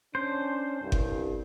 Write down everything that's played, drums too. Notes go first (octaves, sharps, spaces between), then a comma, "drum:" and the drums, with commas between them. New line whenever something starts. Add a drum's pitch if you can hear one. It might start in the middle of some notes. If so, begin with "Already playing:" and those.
C#4 D4 C5
C2 G2
drum: kick G1